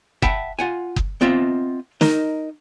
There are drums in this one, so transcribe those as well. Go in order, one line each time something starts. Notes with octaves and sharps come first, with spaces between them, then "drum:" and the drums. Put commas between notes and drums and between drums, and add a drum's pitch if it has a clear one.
E5 F#5 G5 A5 B5, drum: kick F#1
F4 F#5 G#5
drum: kick F#1
B3 C4 F4 D#5 E5
D#4 A#4 D#5, drum: snare